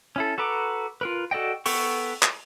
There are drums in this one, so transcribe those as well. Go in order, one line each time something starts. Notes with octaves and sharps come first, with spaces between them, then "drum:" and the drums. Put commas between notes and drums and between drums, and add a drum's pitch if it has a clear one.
C#4 E4 A4
F#4 A4 B4 A#5 D6
F4 A#4 B4
F#4 A4 D5 D#5 G5
B3 A4 G5 C#6, drum: open hi-hat
drum: clap